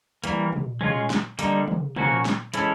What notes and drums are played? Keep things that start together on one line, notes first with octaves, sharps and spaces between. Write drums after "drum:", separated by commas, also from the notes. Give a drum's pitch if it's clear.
E3 G3 A#3, drum: hi-hat
drum: tom
G#3 C#4 F4, drum: tom
drum: snare
D3 G3 A#3 D#4, drum: hi-hat
drum: tom
F3 A#3 C#4 F#4, drum: tom
drum: snare
E3 G#3 C#4 E4 A4, drum: hi-hat